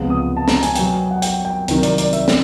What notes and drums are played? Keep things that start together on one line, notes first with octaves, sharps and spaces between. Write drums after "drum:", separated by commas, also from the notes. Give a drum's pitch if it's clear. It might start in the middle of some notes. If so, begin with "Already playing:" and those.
Already playing: C#2 C3 F3 G#3 B3
D#6
A5
A#5, drum: snare
G#5, drum: hi-hat
B2 F#3 B3 G5, drum: hi-hat
G#5
F#5
G5, drum: hi-hat
G5
C2 C3 D#3 F#3, drum: hi-hat
D5, drum: hi-hat
D5, drum: hi-hat
E5, drum: hi-hat
drum: snare